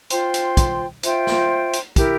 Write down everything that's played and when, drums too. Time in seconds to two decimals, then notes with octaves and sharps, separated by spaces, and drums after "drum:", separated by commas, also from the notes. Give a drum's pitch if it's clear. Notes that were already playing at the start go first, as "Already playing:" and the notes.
0.10 F4 C5 G5 C6, drum: hi-hat
0.34 drum: hi-hat
0.57 drum: kick, hi-hat
1.03 F4 C5 E5 G5, drum: hi-hat
1.27 drum: snare
1.73 drum: hi-hat
1.96 E4 G4 A#4, drum: kick, hi-hat